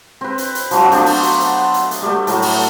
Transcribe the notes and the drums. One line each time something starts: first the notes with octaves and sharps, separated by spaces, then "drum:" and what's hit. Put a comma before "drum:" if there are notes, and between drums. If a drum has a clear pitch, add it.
C4 B4
drum: hi-hat
drum: hi-hat
F3 F#3 F#4, drum: hi-hat
A3 B3 D4 C5, drum: hi-hat
drum: open hi-hat
drum: hi-hat
drum: hi-hat
drum: hi-hat
drum: hi-hat
G3 A3
A2 F#3, drum: hi-hat
drum: open hi-hat